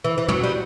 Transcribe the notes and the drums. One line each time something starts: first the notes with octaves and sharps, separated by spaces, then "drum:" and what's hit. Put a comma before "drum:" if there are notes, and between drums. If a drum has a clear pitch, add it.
E3
E3
F#3, drum: tom
G3